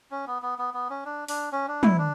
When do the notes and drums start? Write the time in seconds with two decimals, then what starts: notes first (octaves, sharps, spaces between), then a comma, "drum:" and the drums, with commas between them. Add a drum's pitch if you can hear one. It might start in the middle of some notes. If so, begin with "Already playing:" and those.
0.11 C#4
0.27 B3
0.42 B3
0.59 B3
0.74 B3
0.90 C#4
1.05 D4
1.28 D4, drum: open hi-hat
1.52 C#4
1.68 D4
1.83 E4, drum: tom
1.99 D4